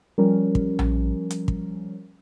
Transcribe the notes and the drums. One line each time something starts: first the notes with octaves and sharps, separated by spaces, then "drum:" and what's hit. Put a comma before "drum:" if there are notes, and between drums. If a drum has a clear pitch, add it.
F3 G3 C#4 A#4
drum: kick
drum: tom A#1
drum: hi-hat
drum: kick